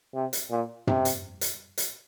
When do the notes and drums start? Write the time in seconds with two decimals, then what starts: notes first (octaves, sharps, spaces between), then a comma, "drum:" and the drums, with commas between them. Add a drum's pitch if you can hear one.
0.14 C3
0.33 drum: hi-hat
0.51 A#2
0.87 C3, drum: tom
1.05 drum: hi-hat
1.41 drum: hi-hat
1.78 drum: hi-hat